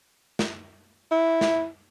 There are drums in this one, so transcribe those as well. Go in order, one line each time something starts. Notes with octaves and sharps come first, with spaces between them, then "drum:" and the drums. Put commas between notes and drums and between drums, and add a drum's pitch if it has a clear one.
drum: snare
E4
drum: snare